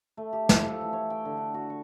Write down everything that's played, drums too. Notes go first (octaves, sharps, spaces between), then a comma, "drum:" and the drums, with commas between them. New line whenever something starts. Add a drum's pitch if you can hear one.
A3
G4
F3, drum: snare
A4
E3
C#5
G5
D3
F#5
F#4
C#6